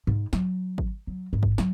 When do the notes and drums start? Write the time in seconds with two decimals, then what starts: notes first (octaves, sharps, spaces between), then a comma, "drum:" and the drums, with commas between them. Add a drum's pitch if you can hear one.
0.07 G#2
0.33 F#3, drum: snare
0.78 drum: kick G#1
1.07 F#3
1.33 G#2
1.43 drum: kick G#1
1.58 F#3, drum: snare